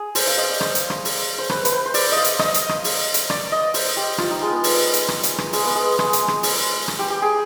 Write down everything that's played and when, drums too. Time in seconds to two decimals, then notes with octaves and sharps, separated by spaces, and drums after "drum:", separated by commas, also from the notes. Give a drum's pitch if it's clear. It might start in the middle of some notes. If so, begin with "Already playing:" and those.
Already playing: G#4
0.15 C5, drum: open hi-hat
0.27 F5
0.38 D#5
0.49 D5
0.61 C5, drum: rim click
0.75 drum: hi-hat
0.90 drum: rim click
1.05 drum: open hi-hat
1.38 C5
1.50 B4, drum: rim click
1.65 B4, drum: hi-hat
1.72 C5
1.86 C5
1.94 D5, drum: open hi-hat
2.12 D#5 F5
2.24 drum: hi-hat
2.39 D#5, drum: rim click
2.54 drum: hi-hat
2.69 drum: rim click
2.84 drum: open hi-hat
3.14 drum: hi-hat
3.30 D5, drum: rim click
3.52 D#5
3.74 C5, drum: open hi-hat
3.97 G4
4.18 F4, drum: rim click
4.30 D#4
4.42 G#3
4.52 B3
4.64 drum: open hi-hat
4.94 drum: hi-hat
5.09 drum: rim click
5.23 drum: hi-hat
5.38 drum: rim click
5.53 G#3, drum: open hi-hat
5.65 B3
5.75 G#3
5.99 G#3, drum: rim click
6.13 drum: hi-hat
6.28 drum: rim click
6.43 drum: open hi-hat
6.88 drum: rim click
6.99 G4
7.10 G4
7.22 G#4